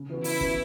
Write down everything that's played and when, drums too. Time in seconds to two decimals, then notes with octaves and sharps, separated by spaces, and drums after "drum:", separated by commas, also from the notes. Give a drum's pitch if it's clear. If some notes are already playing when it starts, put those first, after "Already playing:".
Already playing: C#3
0.10 E3 B3 F#4
0.24 C#3 E4, drum: open hi-hat
0.41 E3 B3 F#4, drum: kick